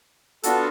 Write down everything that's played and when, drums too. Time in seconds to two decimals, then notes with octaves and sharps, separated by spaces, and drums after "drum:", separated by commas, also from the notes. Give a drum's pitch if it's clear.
0.43 B3 D4 F4 F#4 A4, drum: hi-hat